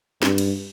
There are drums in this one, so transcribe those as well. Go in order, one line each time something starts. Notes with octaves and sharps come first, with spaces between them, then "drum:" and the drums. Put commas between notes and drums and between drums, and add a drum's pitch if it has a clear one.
G2, drum: snare
drum: cymbal